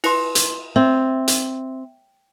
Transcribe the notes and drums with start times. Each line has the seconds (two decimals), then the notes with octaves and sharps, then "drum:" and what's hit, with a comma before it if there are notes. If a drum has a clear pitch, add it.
0.04 E4 B4 C6, drum: cymbal
0.35 drum: hi-hat
0.76 C4 E5
1.28 drum: hi-hat